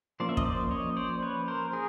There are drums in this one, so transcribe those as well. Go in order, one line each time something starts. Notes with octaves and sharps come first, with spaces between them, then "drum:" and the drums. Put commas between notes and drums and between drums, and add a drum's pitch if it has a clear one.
F3 A#3 C#4 C5 D5
E5
D#5, drum: kick
C5 D5
C#5 D#5
C5 D5
B4 C#5
A#4 C5
G#4 A#4